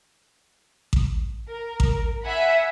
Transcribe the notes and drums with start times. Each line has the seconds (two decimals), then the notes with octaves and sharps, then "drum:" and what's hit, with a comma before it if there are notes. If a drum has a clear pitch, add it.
0.93 drum: kick A1
1.48 A#4
1.80 drum: kick A1
2.23 E5 F#5 G#5 B5